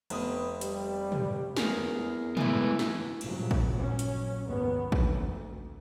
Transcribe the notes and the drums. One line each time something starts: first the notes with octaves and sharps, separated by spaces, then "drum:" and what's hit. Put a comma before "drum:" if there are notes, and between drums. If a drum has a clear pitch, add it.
F1 B3 D#6, drum: cymbal
G3, drum: hi-hat
drum: tom
E2 G#4 A#4, drum: snare
E3 G#3 A3 B3 E4, drum: tom
drum: snare
G2 A#2 C#3 F3 F#3, drum: cymbal
drum: kick
A#2 F#3 C#4
drum: hi-hat
F#1 D#2 G#2 D#3 B3
D2, drum: kick